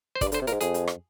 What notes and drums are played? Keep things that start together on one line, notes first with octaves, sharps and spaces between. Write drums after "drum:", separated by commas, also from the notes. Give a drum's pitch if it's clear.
C5
G2 D5, drum: kick, hi-hat
D3 C5, drum: hi-hat
C3
A#2 A#4, drum: hi-hat
G#2
F2 G#4, drum: hi-hat
drum: hi-hat
drum: rim click